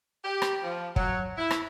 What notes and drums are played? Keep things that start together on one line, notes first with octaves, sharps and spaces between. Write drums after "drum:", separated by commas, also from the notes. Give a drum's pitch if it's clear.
G4
drum: rim click
F3
F#3, drum: kick
E4
drum: rim click